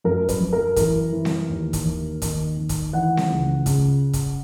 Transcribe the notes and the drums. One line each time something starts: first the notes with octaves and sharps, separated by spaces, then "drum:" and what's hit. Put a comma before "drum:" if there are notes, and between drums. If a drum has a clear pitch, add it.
F#2 A#4
B4, drum: kick, hi-hat
F#2
A#4
E3 A#4, drum: kick, hi-hat
E3
drum: snare C4
D#2
drum: kick, hi-hat
D#2
D#3, drum: kick, hi-hat
D#3
drum: kick, hi-hat
E3 F#5
drum: snare C4
C#2
C#3, drum: kick, hi-hat
drum: kick, hi-hat